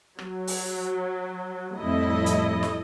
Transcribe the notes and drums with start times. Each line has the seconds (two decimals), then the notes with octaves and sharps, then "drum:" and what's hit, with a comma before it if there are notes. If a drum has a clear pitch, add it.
0.19 F#3, drum: rim click
0.47 drum: open hi-hat
1.78 F2 A2 G3 E4 A4 D#5
2.26 drum: hi-hat
2.63 drum: snare